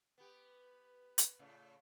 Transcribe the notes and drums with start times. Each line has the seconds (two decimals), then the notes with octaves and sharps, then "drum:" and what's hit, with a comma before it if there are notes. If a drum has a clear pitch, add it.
0.18 B3 G4 B4
1.18 drum: hi-hat
1.39 A2 C#3 A3